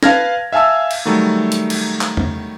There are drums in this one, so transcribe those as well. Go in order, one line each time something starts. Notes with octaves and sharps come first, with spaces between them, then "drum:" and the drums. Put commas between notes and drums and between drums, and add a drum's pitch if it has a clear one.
B4 F5 A5 F6 G#6 A#6, drum: snare
E5 F5 G#5 A5 E6
drum: cymbal
D#3 F#3 G3 A3
drum: hi-hat
drum: cymbal
drum: clap
drum: tom E2